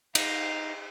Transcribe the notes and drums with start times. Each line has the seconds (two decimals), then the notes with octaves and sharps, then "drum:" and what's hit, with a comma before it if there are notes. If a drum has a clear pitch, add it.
0.15 D#4 F5, drum: cymbal